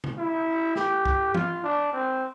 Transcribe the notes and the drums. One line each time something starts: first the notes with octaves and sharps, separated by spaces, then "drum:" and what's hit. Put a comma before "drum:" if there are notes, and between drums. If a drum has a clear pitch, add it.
drum: tom C3
E4
G4, drum: snare
drum: kick
F4, drum: tom E3
D4
C4